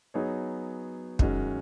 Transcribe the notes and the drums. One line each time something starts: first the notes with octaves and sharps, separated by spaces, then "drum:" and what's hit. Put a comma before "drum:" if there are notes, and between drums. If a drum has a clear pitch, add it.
F#3 B3 D#4 G#4 C#5
F#2 D#3 G#3 C#4 F#4, drum: kick